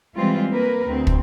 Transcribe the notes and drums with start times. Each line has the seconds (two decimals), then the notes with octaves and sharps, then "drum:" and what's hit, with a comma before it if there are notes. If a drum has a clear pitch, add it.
0.15 E3 G3 G#3 C4 F4
0.52 A#3 A#4 B4
0.87 D2 C4
1.07 drum: kick